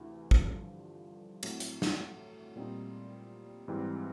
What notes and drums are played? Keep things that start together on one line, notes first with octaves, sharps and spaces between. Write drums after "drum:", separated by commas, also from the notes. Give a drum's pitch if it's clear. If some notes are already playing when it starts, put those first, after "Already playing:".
Already playing: D2 C3 E3
G2 D3 F3, drum: kick
A2 F#3 A3 C4, drum: cymbal
drum: hi-hat
drum: snare
A#2 G3 C4 D#4
G#2 E3 G3 C4